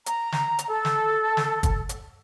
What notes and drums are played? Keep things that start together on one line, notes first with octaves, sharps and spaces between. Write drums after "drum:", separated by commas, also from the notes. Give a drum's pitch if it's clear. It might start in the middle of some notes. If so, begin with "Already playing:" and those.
A#5, drum: hi-hat
drum: snare
drum: hi-hat
A4
drum: snare
drum: snare
drum: kick, hi-hat
drum: hi-hat